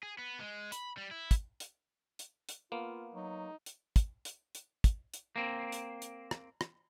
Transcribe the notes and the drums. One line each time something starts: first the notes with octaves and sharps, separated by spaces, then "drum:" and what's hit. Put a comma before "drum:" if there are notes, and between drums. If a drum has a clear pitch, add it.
G#4
B3
G#3
B5, drum: hi-hat
G3
E4
drum: kick, hi-hat
drum: hi-hat
drum: hi-hat
drum: hi-hat
A#3 B3 F4
F#3 D#4
drum: hi-hat
drum: kick, hi-hat
drum: hi-hat
drum: hi-hat
drum: kick, hi-hat
drum: hi-hat
A#3 C4
drum: hi-hat
drum: hi-hat
drum: rim click
drum: rim click